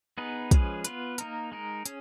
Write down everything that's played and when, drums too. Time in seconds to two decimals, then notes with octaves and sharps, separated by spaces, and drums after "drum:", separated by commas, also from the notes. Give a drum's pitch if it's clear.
0.18 B3 D#4 G#4 B4
0.51 F3 G#3 C#4 G#4 B4, drum: kick, hi-hat
0.85 B3 F4 B4, drum: hi-hat
1.18 A#3 D#4 A#4, drum: hi-hat
1.52 G#3 D#4 A#4
1.86 C#4 G#4, drum: hi-hat